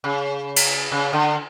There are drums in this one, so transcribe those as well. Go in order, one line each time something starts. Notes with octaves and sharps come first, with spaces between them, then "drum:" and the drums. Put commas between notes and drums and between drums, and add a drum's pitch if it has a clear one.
C#3
drum: cymbal
C#3
D3